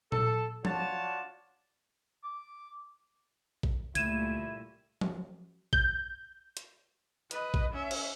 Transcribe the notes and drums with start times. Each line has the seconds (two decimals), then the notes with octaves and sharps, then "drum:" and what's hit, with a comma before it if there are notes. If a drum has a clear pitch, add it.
0.12 A4, drum: tom A#2
0.65 D4 F4 F#4 C#5 A5, drum: tom F3
2.24 D6
3.63 drum: kick A#1
3.95 C#2 A#2 G3 A3 E4 G#6 D#7 E7, drum: hi-hat
5.01 drum: tom F3
5.73 G6, drum: kick A#1
6.57 drum: hi-hat
7.31 B4 D#5, drum: hi-hat
7.54 drum: kick A#1
7.73 C#4 E5
7.91 drum: cymbal